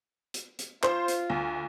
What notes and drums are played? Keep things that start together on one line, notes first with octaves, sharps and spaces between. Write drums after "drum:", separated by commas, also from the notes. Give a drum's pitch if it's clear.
drum: hi-hat
drum: hi-hat
F4 C5, drum: clap
drum: hi-hat
D2